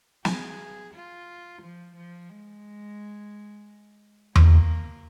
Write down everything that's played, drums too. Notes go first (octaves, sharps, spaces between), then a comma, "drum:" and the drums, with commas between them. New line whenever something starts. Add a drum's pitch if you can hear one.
G#4, drum: snare
F4
F3
F3
G#3
A#3, drum: tom E2